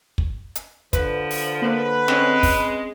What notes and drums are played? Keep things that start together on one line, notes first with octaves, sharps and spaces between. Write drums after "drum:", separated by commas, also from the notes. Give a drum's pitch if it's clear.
drum: kick
drum: hi-hat
D3 F3 B4, drum: kick, hi-hat
drum: open hi-hat
A#3 B4
G#3 C4 C#4, drum: snare
drum: kick, open hi-hat